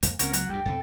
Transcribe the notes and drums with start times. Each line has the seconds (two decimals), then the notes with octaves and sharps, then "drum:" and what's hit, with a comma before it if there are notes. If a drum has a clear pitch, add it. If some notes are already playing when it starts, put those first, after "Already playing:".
0.03 F2 A#3, drum: hi-hat
0.19 C#2 A#3 C4 C#4 A#4 F#5, drum: hi-hat
0.33 F#3, drum: hi-hat
0.49 D2 G2 G3 G5
0.65 F2 B2 C4 A4